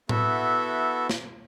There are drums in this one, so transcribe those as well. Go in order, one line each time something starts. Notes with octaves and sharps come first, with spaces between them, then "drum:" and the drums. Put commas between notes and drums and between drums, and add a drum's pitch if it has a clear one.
B3 E4 F#4 A4 E5, drum: tom A2
drum: snare